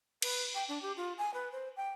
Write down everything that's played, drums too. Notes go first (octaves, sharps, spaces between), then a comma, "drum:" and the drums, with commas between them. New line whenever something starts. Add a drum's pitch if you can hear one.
B4, drum: cymbal
G5
D4
G4
F4
G#5
B4
C5
G5